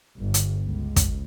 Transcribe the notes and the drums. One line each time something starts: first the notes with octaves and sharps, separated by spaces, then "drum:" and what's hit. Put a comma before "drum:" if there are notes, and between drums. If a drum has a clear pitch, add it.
G1
drum: hi-hat
C#2
drum: kick, hi-hat